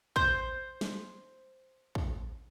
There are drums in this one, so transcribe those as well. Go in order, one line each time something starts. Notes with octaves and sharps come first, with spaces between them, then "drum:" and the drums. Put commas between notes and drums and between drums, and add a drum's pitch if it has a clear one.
C5 G6, drum: kick
drum: snare
drum: kick